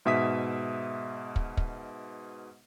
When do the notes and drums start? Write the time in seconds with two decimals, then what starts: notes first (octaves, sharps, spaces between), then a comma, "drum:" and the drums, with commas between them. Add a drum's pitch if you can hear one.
0.05 G#2 B2 E5 D#6 B6
1.36 drum: kick
1.57 drum: kick